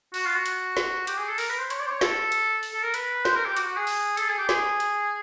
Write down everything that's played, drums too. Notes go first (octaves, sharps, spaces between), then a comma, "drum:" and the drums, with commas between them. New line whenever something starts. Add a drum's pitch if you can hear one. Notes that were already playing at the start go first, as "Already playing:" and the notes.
F#4, drum: open hi-hat
F4
F#4
drum: hi-hat
drum: snare
G4, drum: hi-hat
G#4
A4
A#4, drum: open hi-hat
B4
C5
C#5, drum: hi-hat
D5
C5
C#5
A4, drum: snare
drum: hi-hat
drum: open hi-hat
A4
A#4
B4, drum: hi-hat
C5, drum: snare
A#4
G4
F#4, drum: hi-hat
F#4
G#4
drum: open hi-hat
A4, drum: hi-hat
G#4
G4
G#4, drum: snare
drum: hi-hat